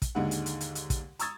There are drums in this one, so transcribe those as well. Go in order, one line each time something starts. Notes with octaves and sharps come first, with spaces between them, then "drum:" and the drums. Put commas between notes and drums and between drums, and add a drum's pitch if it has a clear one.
drum: kick, hi-hat
D#2 G#2 D3 D#4 G#4 F#5
drum: hi-hat
drum: hi-hat
drum: hi-hat
drum: hi-hat
drum: kick, hi-hat
A#5 C#6 D#6 E6 G#6 A6, drum: hi-hat